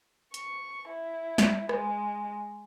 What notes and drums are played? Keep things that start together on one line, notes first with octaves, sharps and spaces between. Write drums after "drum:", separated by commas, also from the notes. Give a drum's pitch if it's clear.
C#6, drum: hi-hat
E4
drum: snare
G#3, drum: rim click